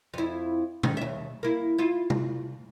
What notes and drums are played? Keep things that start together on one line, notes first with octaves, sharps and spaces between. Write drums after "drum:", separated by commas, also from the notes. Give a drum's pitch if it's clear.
F2 E4
G#2 D#3, drum: tom B2
D#2 E5
A#3 E4
E4 F4
drum: tom C3